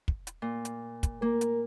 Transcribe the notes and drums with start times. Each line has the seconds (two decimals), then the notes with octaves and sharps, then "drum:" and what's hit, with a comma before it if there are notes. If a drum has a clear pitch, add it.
0.08 drum: kick
0.27 drum: hi-hat
0.42 A#2
0.65 drum: hi-hat
1.03 drum: kick, hi-hat
1.22 A#3 A#4
1.41 drum: hi-hat